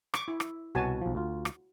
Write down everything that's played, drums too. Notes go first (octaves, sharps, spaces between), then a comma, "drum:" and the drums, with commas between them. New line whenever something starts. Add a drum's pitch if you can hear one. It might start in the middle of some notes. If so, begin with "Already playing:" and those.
C#6 D6, drum: rim click
E4
drum: rim click
C2 B2 F#4 C#5 G#5 A5
B1 F3
D2 F4
drum: rim click